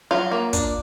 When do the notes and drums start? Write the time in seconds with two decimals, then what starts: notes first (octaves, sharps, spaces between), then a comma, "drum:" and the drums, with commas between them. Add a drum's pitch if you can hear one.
0.11 F#3 F4
0.31 A#3
0.53 D4, drum: kick, hi-hat